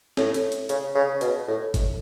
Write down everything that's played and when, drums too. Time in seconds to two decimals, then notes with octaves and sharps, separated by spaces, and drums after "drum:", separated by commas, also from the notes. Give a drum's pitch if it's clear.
0.17 A2, drum: snare
0.34 drum: hi-hat
0.52 drum: hi-hat
0.69 C#3, drum: hi-hat
0.95 C#3
1.21 B2, drum: hi-hat
1.48 A2
1.74 drum: kick G1, hi-hat